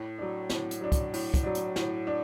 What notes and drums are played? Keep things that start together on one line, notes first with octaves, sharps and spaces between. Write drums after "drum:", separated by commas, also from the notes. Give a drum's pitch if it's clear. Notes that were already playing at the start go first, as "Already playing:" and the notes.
Already playing: A2
F#3 D4
A2, drum: snare
drum: hi-hat
F#3 D4
drum: kick, hi-hat
A2, drum: open hi-hat
drum: kick, hi-hat
F#3 D4
drum: hi-hat
A2, drum: snare
D4